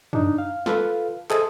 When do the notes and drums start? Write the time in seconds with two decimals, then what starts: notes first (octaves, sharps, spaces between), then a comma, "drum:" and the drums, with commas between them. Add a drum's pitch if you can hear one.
0.13 D4 D#4, drum: tom F#2
0.38 F5
0.66 F4 A4 B4 F5, drum: snare
1.30 G#4 A4 C5 D#5 E5 D#6, drum: clap